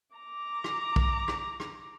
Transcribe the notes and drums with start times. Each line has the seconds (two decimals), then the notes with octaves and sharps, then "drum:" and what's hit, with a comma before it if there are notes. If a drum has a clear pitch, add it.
0.17 A#5 D6
0.64 drum: rim click
0.96 drum: kick
1.28 drum: rim click
1.60 drum: rim click